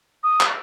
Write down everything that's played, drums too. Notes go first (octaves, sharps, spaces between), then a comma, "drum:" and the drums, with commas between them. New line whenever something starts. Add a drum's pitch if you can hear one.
D#6
drum: clap